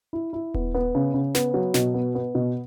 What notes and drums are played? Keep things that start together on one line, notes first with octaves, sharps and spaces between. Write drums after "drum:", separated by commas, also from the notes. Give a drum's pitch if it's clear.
E4
E4
B3, drum: kick D#1
B3
C#3
C#3
B3, drum: snare
F#3
B2, drum: snare
B3
B3
B2